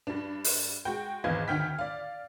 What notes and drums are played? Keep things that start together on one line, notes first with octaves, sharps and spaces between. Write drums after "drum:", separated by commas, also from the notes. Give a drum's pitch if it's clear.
G2 D4
drum: open hi-hat
G#3 F#4 G5
G#1 E2 E3 D#5 F5 G#6
D2 D#3 F#5 G5 F6 B6
D5 F5